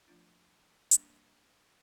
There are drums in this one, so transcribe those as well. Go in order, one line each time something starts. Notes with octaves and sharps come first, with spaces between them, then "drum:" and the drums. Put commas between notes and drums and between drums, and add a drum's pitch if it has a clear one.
F3 A3 D4 F4
G3 A#3 D4, drum: hi-hat